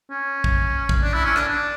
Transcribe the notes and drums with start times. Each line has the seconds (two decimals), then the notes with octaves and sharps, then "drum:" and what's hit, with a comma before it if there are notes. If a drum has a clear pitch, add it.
0.10 C#4
0.44 drum: kick A#1
0.89 drum: kick A#1
1.02 D4
1.14 E4
1.24 C#4
1.36 D4, drum: rim click
1.48 D4